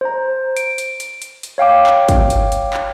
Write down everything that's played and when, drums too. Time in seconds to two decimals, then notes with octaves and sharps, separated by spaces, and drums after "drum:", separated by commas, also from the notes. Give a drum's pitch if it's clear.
0.01 C5 A#5
0.57 D7, drum: hi-hat
0.78 drum: hi-hat
1.00 drum: hi-hat
1.22 drum: hi-hat
1.43 drum: hi-hat
1.58 C#5 F5 G5 D6
1.87 drum: clap
2.08 drum: kick, hi-hat
2.30 drum: hi-hat
2.52 drum: hi-hat
2.74 drum: clap